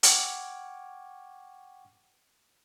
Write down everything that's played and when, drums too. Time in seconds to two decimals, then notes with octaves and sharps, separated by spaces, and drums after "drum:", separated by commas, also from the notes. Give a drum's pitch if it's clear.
0.03 F#5 G5 C#6 D6 F6 G#6, drum: hi-hat